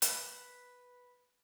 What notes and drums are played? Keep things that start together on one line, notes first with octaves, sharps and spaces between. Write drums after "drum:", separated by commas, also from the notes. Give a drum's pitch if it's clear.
B4, drum: hi-hat